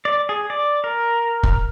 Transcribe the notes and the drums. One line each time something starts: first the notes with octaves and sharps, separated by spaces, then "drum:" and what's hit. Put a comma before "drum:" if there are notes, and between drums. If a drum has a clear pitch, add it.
D5
G#4
D5
A#4
drum: kick